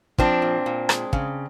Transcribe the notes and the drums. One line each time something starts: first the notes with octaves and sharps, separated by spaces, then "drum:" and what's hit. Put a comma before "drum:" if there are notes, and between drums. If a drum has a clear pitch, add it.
F3 C4 D4, drum: kick
A#2
A#2
G#3, drum: rim click
C#3, drum: kick